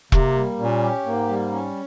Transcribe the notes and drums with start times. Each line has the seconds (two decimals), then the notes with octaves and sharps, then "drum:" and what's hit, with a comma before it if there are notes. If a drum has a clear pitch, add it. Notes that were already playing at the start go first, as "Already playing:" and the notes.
0.12 C3 A#3, drum: kick E1
0.36 G3
0.59 A#2 C#4
0.82 G4
1.05 G#2 A#3
1.28 G3
1.52 C#4